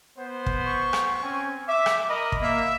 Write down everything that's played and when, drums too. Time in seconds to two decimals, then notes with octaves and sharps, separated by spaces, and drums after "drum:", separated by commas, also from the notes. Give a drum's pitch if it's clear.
0.18 B3 C5
0.46 drum: kick
0.66 C#6
0.93 drum: rim click
1.21 C4 C#4 G#5
1.68 E5 D6
1.86 drum: rim click
2.09 A#4 D#5 B5
2.32 drum: kick
2.41 A#3 E5